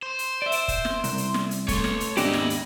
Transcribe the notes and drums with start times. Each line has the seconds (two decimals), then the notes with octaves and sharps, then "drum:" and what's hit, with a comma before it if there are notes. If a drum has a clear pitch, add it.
0.02 C5
0.19 drum: hi-hat
0.42 D5 E5
0.52 drum: hi-hat
0.68 drum: kick F1, hi-hat
0.85 drum: snare
1.04 C2, drum: hi-hat
1.18 drum: hi-hat
1.34 drum: snare
1.51 drum: hi-hat
1.68 A3 A4 C#5 C6, drum: kick F1, hi-hat
1.84 drum: snare
2.00 drum: hi-hat
2.17 D#2 G#2 B3 D4 E4 G4 D#5, drum: hi-hat
2.33 drum: snare
2.50 drum: hi-hat